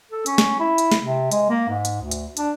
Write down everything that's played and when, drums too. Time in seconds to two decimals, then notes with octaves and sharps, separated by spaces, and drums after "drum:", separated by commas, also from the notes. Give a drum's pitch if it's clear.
0.11 A4
0.26 C#4, drum: hi-hat
0.38 drum: snare
0.60 E4
0.78 drum: hi-hat
0.92 drum: snare
1.02 C3
1.32 G#3, drum: hi-hat
1.50 A#3
1.69 G#2
1.85 drum: hi-hat
2.01 D2
2.11 drum: hi-hat
2.37 D4, drum: hi-hat